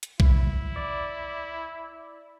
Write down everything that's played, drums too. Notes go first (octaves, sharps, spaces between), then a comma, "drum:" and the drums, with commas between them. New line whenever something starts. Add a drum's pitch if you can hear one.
drum: hi-hat
E4, drum: kick B1
D5